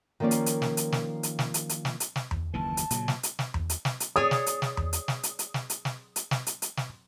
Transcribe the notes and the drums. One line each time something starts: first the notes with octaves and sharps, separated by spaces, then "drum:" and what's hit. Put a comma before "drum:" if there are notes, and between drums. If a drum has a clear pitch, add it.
D#3 F3 A#3 C#4 D5
drum: hi-hat
drum: hi-hat
drum: snare
drum: hi-hat
drum: snare
drum: hi-hat
drum: snare
drum: hi-hat
drum: hi-hat
drum: snare
drum: hi-hat
drum: snare
drum: tom E2
F#1 D#2 E3 A5
drum: hi-hat
A#2 C#3 F#3, drum: hi-hat
drum: snare
drum: hi-hat
drum: snare
drum: tom E2
drum: hi-hat
drum: snare
drum: hi-hat
G#4 C#5 D5 D#6
drum: snare
drum: hi-hat
drum: snare
drum: tom E2
drum: hi-hat
drum: snare
drum: hi-hat
drum: hi-hat
drum: snare
drum: hi-hat
drum: snare
drum: hi-hat
drum: snare
drum: hi-hat
drum: hi-hat
drum: snare